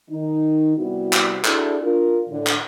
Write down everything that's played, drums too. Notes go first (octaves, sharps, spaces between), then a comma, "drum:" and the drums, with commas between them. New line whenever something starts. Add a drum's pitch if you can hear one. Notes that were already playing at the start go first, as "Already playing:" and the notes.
D#3 D#4
C3 G3 B3 E4 F#4
drum: clap
D4 E4 F#4 G#4 A4 D5, drum: clap
D4 F4 A#4
A2 D3
drum: clap